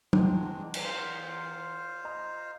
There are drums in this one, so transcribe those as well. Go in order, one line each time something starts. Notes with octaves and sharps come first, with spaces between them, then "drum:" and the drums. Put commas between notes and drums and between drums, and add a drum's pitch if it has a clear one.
E2 G#3 C4 D4 A#5, drum: tom
drum: cymbal
F4 C5 F5
D#5 A#5